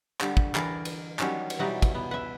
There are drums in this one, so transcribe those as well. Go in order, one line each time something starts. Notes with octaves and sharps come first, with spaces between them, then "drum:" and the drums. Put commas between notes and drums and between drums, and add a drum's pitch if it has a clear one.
D3 G3, drum: clap
drum: kick
E3 A#4 D5, drum: clap
drum: cymbal
D#3 F#3 G3 C#4 A5, drum: clap
drum: cymbal
B2 E3 F#3 G3 D#4 F#5
drum: kick, cymbal
B3
B4 E5 F#5